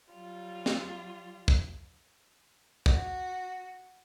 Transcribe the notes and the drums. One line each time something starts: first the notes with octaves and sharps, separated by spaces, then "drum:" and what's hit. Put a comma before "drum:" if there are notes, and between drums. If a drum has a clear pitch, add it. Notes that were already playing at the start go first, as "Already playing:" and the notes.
F#3 G3 F4
drum: snare
drum: kick
F#4, drum: kick